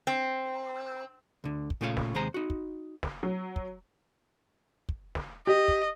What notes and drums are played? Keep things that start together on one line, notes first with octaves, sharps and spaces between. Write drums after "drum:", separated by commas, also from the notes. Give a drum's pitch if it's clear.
C4
D2 D3
drum: kick
A#2 C#3 A3 F4 C#5 F5
drum: snare
D#2 C3 G#3 G#4 C5 A#5
D#4 F#4
drum: kick
drum: snare
F#3
drum: kick
drum: kick
drum: snare
G4 D#5
drum: kick